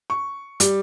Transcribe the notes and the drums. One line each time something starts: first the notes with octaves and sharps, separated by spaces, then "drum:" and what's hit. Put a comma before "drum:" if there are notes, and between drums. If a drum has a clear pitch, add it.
C#6
G3, drum: hi-hat